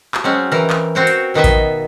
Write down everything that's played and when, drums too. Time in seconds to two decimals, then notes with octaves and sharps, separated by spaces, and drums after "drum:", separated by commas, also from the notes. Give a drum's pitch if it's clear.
0.15 drum: clap
0.24 F#3 G#3 C4 C#4
0.52 E3 A#4
0.70 drum: clap
0.95 C4 F#4 C5 C#5 G5
1.07 drum: hi-hat
1.34 B2 D#3 B3 D#5 E5
1.44 drum: kick A1, hi-hat